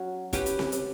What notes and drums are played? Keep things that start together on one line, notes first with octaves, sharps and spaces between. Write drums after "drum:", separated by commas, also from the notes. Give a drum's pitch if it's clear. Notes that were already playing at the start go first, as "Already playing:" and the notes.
Already playing: F#3 C#4 F#4
C#4 G4 B4, drum: kick, hi-hat
drum: hi-hat
drum: snare C4
drum: hi-hat